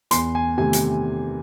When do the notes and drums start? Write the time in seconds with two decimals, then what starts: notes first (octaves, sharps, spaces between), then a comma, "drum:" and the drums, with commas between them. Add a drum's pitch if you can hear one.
0.11 E2 C6, drum: hi-hat
0.35 G#5
0.57 C3 D#3 A3 G#5
0.73 drum: hi-hat